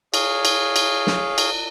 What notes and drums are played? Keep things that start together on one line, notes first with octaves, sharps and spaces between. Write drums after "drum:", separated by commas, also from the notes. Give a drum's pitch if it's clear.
G#4 C#5 F5, drum: cymbal
drum: cymbal
drum: cymbal
drum: snare
drum: cymbal